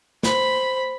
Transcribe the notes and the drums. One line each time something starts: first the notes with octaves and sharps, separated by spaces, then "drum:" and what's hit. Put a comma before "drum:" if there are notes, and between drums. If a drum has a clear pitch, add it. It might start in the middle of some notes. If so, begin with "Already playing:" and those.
C5 B5, drum: snare